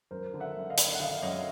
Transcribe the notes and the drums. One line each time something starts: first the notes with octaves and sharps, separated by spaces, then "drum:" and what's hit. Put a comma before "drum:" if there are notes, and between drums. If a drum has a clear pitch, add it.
F#2 A#4 C5
D3
E5 F#5
F#2
D#5 F5
D3, drum: hi-hat
F#5
D3 D#5 F5
F#2 C#5 D#5